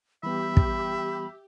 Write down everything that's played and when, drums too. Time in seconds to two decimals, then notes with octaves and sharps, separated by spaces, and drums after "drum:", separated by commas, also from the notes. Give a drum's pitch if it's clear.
0.23 E3 G3 B3 G4 E5 B5
0.57 drum: kick